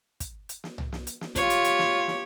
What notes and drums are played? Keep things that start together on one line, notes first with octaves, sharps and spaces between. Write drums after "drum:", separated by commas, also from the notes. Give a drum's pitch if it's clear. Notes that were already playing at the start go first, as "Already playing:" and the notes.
drum: kick, hi-hat
drum: hi-hat
drum: snare
drum: tom C2
drum: snare
drum: hi-hat
drum: snare
F4 G4 C#5, drum: kick, hi-hat
drum: hi-hat
drum: hi-hat
drum: snare
drum: snare